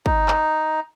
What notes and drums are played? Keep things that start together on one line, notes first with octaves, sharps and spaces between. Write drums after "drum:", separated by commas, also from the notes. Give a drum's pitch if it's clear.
D#4, drum: kick
drum: clap